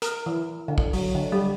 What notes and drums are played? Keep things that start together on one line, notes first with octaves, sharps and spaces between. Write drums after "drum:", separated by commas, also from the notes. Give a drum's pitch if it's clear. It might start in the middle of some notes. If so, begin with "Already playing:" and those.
A#4, drum: hi-hat
E3
D3
drum: kick
F#3, drum: open hi-hat
D3
G3